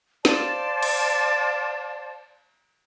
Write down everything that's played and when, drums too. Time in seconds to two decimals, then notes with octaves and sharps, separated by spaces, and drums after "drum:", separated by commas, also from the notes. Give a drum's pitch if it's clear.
0.25 C5 D5 F5 A5, drum: snare
0.83 drum: cymbal